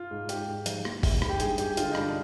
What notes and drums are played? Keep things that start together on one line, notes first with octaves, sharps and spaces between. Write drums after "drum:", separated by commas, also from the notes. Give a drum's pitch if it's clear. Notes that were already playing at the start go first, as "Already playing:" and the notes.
Already playing: F4
G#2
G#2 G4, drum: hi-hat
G#2
F3, drum: hi-hat
A#3, drum: rim click
G#2, drum: kick, open hi-hat
G#2, drum: rim click
G4
G2 G#4, drum: hi-hat
G#3 G4, drum: hi-hat
D3 F4, drum: hi-hat
D#4
G2 D4, drum: rim click